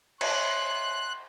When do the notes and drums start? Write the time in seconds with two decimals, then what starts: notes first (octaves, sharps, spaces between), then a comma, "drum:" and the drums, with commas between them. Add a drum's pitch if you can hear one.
0.21 C#5 E5 C6 F#6, drum: cymbal